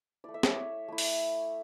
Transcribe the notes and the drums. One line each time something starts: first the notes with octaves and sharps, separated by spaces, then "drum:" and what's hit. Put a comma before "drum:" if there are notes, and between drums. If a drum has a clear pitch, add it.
A3 E4 D5
E5
D5, drum: snare
C#5
A3 E4
drum: open hi-hat